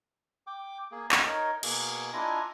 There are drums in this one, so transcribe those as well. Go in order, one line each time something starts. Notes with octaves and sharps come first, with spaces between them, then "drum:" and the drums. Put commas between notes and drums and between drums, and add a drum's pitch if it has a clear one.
G5 D6
A#3 G#4
F2 G#3, drum: clap
D#4 A#4 C#5 D#5
B2 A#3 G#4, drum: cymbal
D4 E4 F4 D#5 G#5 A#5